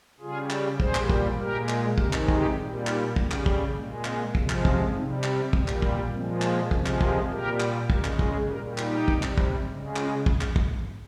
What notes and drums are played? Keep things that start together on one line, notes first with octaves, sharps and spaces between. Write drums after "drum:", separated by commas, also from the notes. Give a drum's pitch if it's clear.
C#3 G3 F4 G#4
drum: clap
A#2 G3 G#4 C5, drum: kick
drum: clap
drum: kick
A#2 G#3 G4 A#4
drum: clap
C3 D#3 G#3 G4 A#4, drum: kick
drum: clap
D#4 G4, drum: kick
A#2 G3
D#4 G4, drum: clap
C#3 G3 A#3, drum: kick
drum: clap
drum: kick
A#2 G#3 A#3
C4, drum: clap
C3 F3 G#3, drum: kick
drum: clap
C#4 F4, drum: kick
C3 G3 C4 D#4
drum: clap
A#2 G3 C4, drum: kick
drum: clap
A#3, drum: kick
A#2 F3 G#3 C4
A#3, drum: clap
C3 F3 G#3 A#3 C#4, drum: kick
drum: clap
G4 A#4, drum: kick
A#2 G3 G4 A#4
drum: clap
C#3 G#3 G4 A#4, drum: kick
drum: clap
F4 G#4, drum: kick
A#2 G3 G4 A#4
D#4 G4, drum: clap
C3 G3, drum: kick
drum: clap
drum: kick
C#3 G#3
C#4 F4, drum: clap
drum: kick
drum: clap
drum: kick